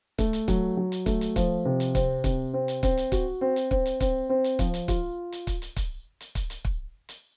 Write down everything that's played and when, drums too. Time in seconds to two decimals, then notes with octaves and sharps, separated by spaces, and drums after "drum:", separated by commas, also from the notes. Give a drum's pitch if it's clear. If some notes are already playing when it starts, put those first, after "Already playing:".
0.18 A3, drum: kick, hi-hat
0.33 drum: hi-hat
0.48 F#3, drum: kick, hi-hat
0.77 F#3
0.92 drum: hi-hat
1.06 A3, drum: kick, hi-hat
1.21 drum: hi-hat
1.36 F3, drum: kick, hi-hat
1.65 C3
1.80 drum: hi-hat
1.95 C4, drum: kick, hi-hat
2.24 C3, drum: kick, hi-hat
2.53 C4
2.68 drum: hi-hat
2.83 C4, drum: kick, hi-hat
2.97 drum: hi-hat
3.12 F#4, drum: kick, hi-hat
3.41 C4
3.56 drum: hi-hat
3.71 C4, drum: kick
3.86 drum: hi-hat
4.00 C4, drum: kick, hi-hat
4.29 C4
4.44 drum: hi-hat
4.59 F3, drum: kick, hi-hat
4.74 drum: hi-hat
4.88 F4, drum: kick, hi-hat
5.32 drum: hi-hat
5.47 drum: kick, hi-hat
5.62 drum: hi-hat
5.76 drum: kick, hi-hat
6.20 drum: hi-hat
6.35 drum: kick, hi-hat
6.50 drum: hi-hat
6.65 drum: kick
7.09 drum: hi-hat